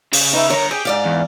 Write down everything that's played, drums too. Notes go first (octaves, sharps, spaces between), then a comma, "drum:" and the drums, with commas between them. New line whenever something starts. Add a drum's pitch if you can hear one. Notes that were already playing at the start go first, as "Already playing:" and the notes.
C#3, drum: open hi-hat
D#4 B4 E5
D3 A#4 C#5 A#5
G4 G#4
G#2 D5 F5
E2